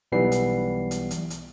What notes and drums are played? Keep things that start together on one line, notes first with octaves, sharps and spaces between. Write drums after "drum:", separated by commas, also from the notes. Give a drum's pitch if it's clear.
B1 E3 G3 B3 C7
drum: hi-hat
drum: hi-hat
drum: hi-hat
drum: hi-hat